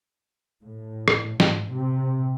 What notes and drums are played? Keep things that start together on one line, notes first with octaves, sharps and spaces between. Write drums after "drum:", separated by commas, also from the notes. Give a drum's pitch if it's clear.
A2
drum: rim click
G#2, drum: snare
C3